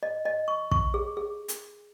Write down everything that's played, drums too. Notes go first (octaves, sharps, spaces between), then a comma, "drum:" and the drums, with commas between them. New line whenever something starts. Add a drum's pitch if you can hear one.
D#5
D#5
C#6
C#6, drum: kick
G#4
G#4
drum: hi-hat